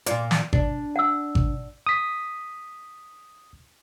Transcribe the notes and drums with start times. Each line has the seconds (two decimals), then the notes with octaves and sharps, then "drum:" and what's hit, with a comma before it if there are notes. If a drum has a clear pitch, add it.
0.06 A#2 F4 D5, drum: hi-hat
0.31 drum: snare
0.53 D4, drum: kick G#1
0.96 F#5 E6
1.35 drum: kick G#1
1.87 D#6 B6